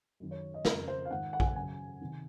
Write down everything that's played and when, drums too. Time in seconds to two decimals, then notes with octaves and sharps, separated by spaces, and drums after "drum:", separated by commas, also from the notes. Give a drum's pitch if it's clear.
0.20 F#2 D#3
0.31 C#5
0.54 D#5
0.65 F2 C#3 A#4, drum: snare
0.88 C5
1.05 F5
1.11 G#2 D#3 F#5
1.33 F#5
1.40 G#5, drum: kick A#1
1.47 F#5
1.56 F#2 C#3 G#5
2.01 C3 D#3